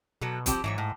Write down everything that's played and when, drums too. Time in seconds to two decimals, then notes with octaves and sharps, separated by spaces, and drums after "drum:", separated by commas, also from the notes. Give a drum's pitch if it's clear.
0.21 B2 F#3 A4
0.46 F3 C4 G4, drum: kick, hi-hat
0.64 G#2 E3 F#3 C#5
0.78 A2